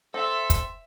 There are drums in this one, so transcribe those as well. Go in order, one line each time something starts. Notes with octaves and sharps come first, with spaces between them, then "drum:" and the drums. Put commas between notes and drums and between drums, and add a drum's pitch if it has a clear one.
C4 A4 E5
drum: kick, hi-hat